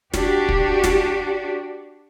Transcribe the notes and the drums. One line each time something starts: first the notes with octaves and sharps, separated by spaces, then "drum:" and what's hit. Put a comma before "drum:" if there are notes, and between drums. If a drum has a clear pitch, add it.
D4 F#4 G4, drum: snare
drum: kick
drum: snare